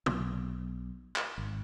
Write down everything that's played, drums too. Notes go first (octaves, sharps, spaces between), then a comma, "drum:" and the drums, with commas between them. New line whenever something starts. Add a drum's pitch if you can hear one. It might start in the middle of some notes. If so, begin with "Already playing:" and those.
B1, drum: tom
drum: clap
G#1